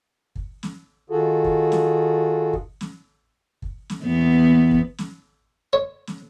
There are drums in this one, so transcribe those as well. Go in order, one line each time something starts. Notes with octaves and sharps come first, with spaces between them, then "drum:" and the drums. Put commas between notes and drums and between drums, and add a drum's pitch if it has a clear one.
drum: kick
drum: snare
D#3 F4 F#4 G#4 A4
drum: kick
drum: snare
drum: kick
drum: snare
drum: kick
drum: snare
E2 B3
drum: kick
drum: snare
C#5
drum: snare